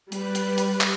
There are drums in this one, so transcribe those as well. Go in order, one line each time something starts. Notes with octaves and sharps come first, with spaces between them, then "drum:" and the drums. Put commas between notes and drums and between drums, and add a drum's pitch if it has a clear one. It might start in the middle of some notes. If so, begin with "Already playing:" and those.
G3 B4, drum: hi-hat
drum: hi-hat
drum: hi-hat
drum: clap